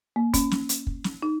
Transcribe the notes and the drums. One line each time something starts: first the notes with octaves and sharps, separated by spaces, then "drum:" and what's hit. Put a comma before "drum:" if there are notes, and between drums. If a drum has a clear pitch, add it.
A#3
C#4, drum: kick, hi-hat
drum: snare
drum: hi-hat
drum: kick
drum: snare
D#4